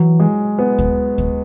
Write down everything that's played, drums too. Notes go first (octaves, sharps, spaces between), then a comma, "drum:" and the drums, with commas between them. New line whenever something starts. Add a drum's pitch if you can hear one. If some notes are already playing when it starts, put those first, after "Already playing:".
Already playing: E3 F#3
G#3
B3
drum: kick
drum: kick